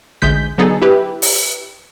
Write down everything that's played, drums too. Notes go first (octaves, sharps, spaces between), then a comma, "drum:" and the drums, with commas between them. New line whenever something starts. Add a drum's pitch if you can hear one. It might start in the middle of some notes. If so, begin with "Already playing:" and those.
A1 D2 G#3 G6 B6
D3 F#3 B3 D#4 G#4 A4
E4 G4 B4
drum: open hi-hat